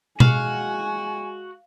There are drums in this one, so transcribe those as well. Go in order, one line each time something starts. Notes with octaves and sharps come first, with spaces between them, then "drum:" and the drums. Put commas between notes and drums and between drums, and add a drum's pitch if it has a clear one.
G#3 F#4 F5 G#5, drum: tom B2